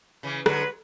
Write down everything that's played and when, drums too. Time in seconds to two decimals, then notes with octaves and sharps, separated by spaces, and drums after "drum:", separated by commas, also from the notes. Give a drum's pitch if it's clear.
0.23 C#3 E3
0.46 D3 F#3 B4, drum: rim click